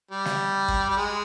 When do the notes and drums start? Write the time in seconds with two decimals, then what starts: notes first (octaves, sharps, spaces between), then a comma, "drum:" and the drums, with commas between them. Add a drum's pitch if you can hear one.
0.11 G3
0.25 drum: snare
0.68 drum: kick
0.89 G3
0.97 G#3